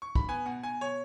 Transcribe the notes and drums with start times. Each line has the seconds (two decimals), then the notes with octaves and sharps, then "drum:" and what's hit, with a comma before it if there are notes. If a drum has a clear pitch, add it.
0.02 C#6
0.15 B5, drum: kick
0.28 B3 G#5
0.46 B2 F#5
0.63 B2 G#5
0.81 B2 C#5